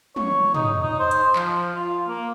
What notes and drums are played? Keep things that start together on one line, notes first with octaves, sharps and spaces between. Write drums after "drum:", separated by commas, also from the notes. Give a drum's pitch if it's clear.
C#5, drum: tom
D#4, drum: tom
D#4
C5
drum: hi-hat
F3, drum: clap
F4
A#3